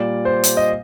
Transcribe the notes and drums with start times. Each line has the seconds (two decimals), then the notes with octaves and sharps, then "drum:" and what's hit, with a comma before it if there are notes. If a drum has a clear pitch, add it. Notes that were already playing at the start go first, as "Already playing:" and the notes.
Already playing: A#2 G3 D5
0.25 C5
0.44 drum: hi-hat
0.57 D#5